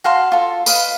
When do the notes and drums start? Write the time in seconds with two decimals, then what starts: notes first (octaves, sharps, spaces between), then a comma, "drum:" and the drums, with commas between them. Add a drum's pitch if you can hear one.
0.04 F#4 F5 A5 C6
0.32 F4 A4
0.66 B4 D#5 F5, drum: tambourine